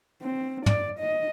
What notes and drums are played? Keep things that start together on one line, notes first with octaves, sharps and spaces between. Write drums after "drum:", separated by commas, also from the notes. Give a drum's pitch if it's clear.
C4
D5, drum: tom
D#5